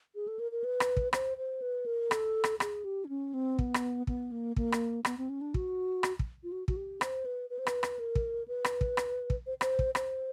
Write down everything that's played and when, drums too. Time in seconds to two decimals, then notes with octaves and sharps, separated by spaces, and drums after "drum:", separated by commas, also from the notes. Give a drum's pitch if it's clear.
0.15 G#4
0.28 A4
0.39 A#4
0.52 A#4
0.64 B4
0.80 drum: rim click
0.97 drum: kick
1.13 C5, drum: rim click
1.38 C5
1.62 B4
1.86 A#4
2.11 A4, drum: rim click
2.44 drum: rim click
2.60 G#4, drum: rim click
2.84 G4
3.05 D4
3.09 C#4
3.34 C4
3.59 B3, drum: kick
3.74 drum: rim click
4.07 B3, drum: kick
4.32 A#3
4.56 A#3, drum: kick
4.72 drum: rim click
5.05 B3, drum: rim click
5.18 C4
5.29 C#4
5.41 D4
5.54 F#4, drum: kick
6.03 drum: rim click
6.19 drum: kick
6.43 F4
6.52 F#4
6.68 F#4, drum: kick
6.76 G4
7.01 C5, drum: rim click
7.25 B4
7.50 B4
7.59 C5
7.67 B4, drum: rim click
7.83 drum: rim click
7.99 A#4
8.15 drum: kick
8.48 B4
8.64 drum: rim click
8.81 drum: kick
8.97 drum: rim click
9.30 drum: kick
9.47 C5
9.61 C5, drum: rim click
9.79 drum: kick
9.95 C5, drum: rim click